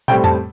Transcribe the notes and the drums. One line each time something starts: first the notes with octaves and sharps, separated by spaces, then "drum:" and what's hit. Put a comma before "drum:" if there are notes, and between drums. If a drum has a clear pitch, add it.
A2 G3 C4 G5, drum: tom
A5, drum: tom F2